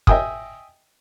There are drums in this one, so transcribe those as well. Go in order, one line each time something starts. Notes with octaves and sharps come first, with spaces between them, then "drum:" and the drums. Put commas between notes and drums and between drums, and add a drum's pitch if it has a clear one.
D#5 E5 G5 G#5 D#6, drum: kick